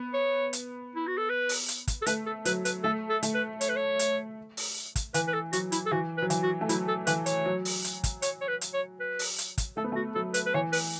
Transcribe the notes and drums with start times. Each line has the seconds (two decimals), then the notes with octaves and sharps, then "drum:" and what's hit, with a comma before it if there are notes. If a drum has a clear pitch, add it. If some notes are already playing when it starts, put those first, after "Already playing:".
Already playing: B3
0.14 C#5
0.53 drum: hi-hat
0.95 E4
1.07 F#4
1.18 A4
1.30 B4
1.49 drum: open hi-hat
1.68 drum: hi-hat
1.88 drum: kick, hi-hat
2.02 A4
2.06 A3 B4, drum: hi-hat
2.26 A4
2.45 F#3 B4, drum: hi-hat
2.65 B4, drum: hi-hat
2.84 A3 A4
3.10 A4
3.23 A3, drum: hi-hat
3.35 B4
3.61 C#5, drum: hi-hat
3.69 B4
3.76 C#5
3.99 drum: hi-hat
4.57 drum: open hi-hat
4.96 drum: kick, hi-hat
5.14 E3 B4, drum: hi-hat
5.28 B4
5.33 A4
5.53 F#3 F#4, drum: hi-hat
5.72 E4, drum: hi-hat
5.86 A4
5.92 E3 F#4
6.18 B4
6.22 F#3
6.30 E3, drum: hi-hat
6.43 F#4
6.61 A3
6.69 F#3 E4, drum: hi-hat
6.88 A4
7.07 E3 B4, drum: hi-hat
7.26 C#5, drum: hi-hat
7.46 F#3
7.65 drum: open hi-hat
7.84 drum: hi-hat
8.04 drum: kick, hi-hat
8.22 C#5, drum: hi-hat
8.41 C#5
8.48 B4
8.61 drum: hi-hat
8.74 C#5
9.00 B4
9.19 drum: open hi-hat
9.38 drum: hi-hat
9.58 drum: kick, hi-hat
9.77 A3 A4
9.84 B3
9.92 A3 F#4
10.15 F#3 A4
10.34 B4, drum: hi-hat
10.46 B4
10.54 E3 C#5
10.73 B4, drum: open hi-hat